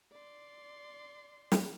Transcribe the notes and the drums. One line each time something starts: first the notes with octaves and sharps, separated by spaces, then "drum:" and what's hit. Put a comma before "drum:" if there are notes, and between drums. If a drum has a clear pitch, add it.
D5 C6
drum: snare